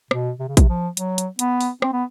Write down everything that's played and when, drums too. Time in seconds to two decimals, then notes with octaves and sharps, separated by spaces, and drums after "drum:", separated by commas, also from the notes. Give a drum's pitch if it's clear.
0.11 B2, drum: rim click
0.40 C3
0.48 C#3
0.57 C3, drum: kick, hi-hat
0.69 F3
0.97 F#3, drum: hi-hat
1.18 drum: hi-hat
1.39 B3, drum: hi-hat
1.61 drum: open hi-hat
1.82 C4, drum: rim click
1.93 B3